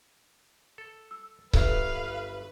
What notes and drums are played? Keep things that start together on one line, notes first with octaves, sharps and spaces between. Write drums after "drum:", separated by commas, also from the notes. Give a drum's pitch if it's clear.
A4
E6
G1 F#3 A4 B4 E5 F5, drum: kick C#1